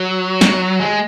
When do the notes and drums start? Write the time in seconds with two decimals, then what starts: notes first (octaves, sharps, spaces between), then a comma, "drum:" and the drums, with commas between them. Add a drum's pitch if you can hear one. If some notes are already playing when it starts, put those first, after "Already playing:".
Already playing: F#3
0.41 drum: snare
0.80 G#3